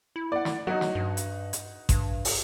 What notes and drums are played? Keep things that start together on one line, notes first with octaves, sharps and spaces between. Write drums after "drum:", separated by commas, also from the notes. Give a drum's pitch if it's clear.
E4
D5 F#5
drum: snare
F#3 D#4 F#4
drum: snare
G2
drum: hi-hat
drum: hi-hat
G2, drum: kick A1, hi-hat
drum: open hi-hat